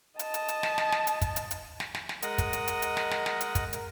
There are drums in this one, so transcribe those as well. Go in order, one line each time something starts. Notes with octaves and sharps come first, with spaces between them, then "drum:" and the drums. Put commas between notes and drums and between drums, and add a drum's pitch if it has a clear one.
D#5 A5, drum: hi-hat
drum: hi-hat
drum: hi-hat
drum: snare
drum: snare
drum: snare
drum: hi-hat
drum: kick, hi-hat
drum: hi-hat
drum: hi-hat
drum: snare
drum: snare
drum: snare
G#3 A#4 D#5 F#5 D#6, drum: hi-hat
drum: kick, hi-hat
drum: hi-hat
drum: hi-hat
drum: hi-hat
drum: snare
drum: snare
drum: snare
drum: hi-hat
drum: kick, hi-hat
A#4, drum: hi-hat